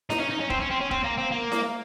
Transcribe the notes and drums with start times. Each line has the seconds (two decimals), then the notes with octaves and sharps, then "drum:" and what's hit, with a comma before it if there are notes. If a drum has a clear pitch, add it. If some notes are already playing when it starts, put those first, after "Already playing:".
0.10 D#4, drum: snare E4
0.20 C#4
0.30 D#4
0.40 C#4
0.50 C4, drum: kick
0.61 C#4
0.71 C4
0.81 C#4
0.91 C4, drum: kick
1.04 A#3
1.18 C4
1.32 A#3
1.52 drum: snare E4